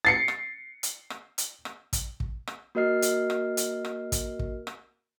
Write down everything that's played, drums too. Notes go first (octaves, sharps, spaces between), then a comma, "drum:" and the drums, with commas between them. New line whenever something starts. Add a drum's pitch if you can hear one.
A6 C7 C#7
drum: rim click
drum: hi-hat
drum: rim click
drum: hi-hat
drum: rim click
drum: kick, hi-hat
drum: kick
drum: rim click
A#3 F#4 A#4 D#5 F6 C7
drum: hi-hat
drum: rim click
drum: hi-hat
drum: rim click
drum: kick, hi-hat
drum: kick
drum: rim click